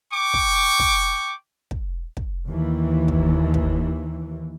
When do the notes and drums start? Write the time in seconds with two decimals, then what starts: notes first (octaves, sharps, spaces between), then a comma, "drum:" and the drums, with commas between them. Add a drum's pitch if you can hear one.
0.11 G5 C#6 D6
0.34 drum: kick
0.79 drum: kick
1.71 drum: kick
2.17 drum: kick
2.48 D#2 E3
3.08 drum: kick
3.54 drum: kick